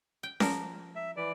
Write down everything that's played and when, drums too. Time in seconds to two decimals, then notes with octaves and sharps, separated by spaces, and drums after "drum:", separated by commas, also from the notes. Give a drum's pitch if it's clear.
0.23 G5
0.40 F3 A#4, drum: snare C#4
0.95 E5
1.16 E3 D5